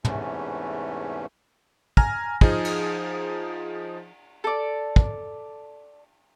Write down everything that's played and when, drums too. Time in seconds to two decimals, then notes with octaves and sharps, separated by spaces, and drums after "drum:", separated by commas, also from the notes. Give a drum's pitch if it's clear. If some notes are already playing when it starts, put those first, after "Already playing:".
0.05 E2 G#2 C3 E3 A3 C#4, drum: tom
1.97 G#5 A#5 F6 A#6, drum: kick
2.41 F3 D#4 G#4, drum: kick
2.65 drum: cymbal
4.44 A4 D5
4.96 drum: kick